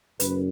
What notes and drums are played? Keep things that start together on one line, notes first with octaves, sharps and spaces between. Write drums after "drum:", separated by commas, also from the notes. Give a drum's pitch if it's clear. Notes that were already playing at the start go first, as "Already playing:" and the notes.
F#1 F#2 B4, drum: hi-hat